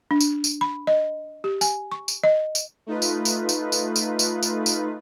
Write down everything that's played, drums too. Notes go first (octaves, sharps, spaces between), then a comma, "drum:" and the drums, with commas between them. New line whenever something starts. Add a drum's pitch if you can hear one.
D4
drum: tambourine
drum: tambourine
B5
D#5
G4
G#5, drum: tambourine
C#6
drum: tambourine
D#5
drum: tambourine
A3 D#4 F4 B4
drum: tambourine
drum: tambourine
drum: tambourine
drum: tambourine
drum: tambourine
drum: tambourine
drum: tambourine
drum: tambourine